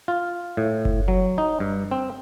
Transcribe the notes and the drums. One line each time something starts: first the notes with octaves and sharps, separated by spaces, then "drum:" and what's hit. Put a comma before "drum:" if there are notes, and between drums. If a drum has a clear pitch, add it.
F4
A2
drum: kick F#1
F#3
D#4
G2
C4